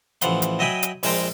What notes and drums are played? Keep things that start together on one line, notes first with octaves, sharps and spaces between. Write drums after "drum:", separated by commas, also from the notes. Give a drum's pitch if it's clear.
A1 E3 F3 F#5 C6, drum: hi-hat
drum: hi-hat
F#3 D#5 E5 G5 G#5 B5
drum: hi-hat
A#1 G#3 C5 G5 A#5, drum: open hi-hat